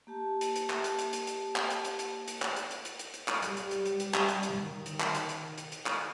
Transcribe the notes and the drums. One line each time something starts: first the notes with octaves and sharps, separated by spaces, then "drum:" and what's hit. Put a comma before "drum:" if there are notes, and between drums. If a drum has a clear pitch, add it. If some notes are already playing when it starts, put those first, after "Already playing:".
A#3 G4 A5
drum: hi-hat
drum: hi-hat
drum: clap
drum: hi-hat
drum: hi-hat
drum: hi-hat
drum: hi-hat
drum: clap
drum: hi-hat
drum: hi-hat
drum: hi-hat
drum: hi-hat
drum: clap
drum: hi-hat
drum: hi-hat
drum: hi-hat
drum: hi-hat
drum: hi-hat
drum: clap
G3, drum: hi-hat
drum: hi-hat
drum: hi-hat
drum: hi-hat
drum: hi-hat
drum: clap
drum: hi-hat
drum: hi-hat
D#3
drum: hi-hat
drum: clap
drum: hi-hat
drum: hi-hat
drum: hi-hat
drum: hi-hat
drum: clap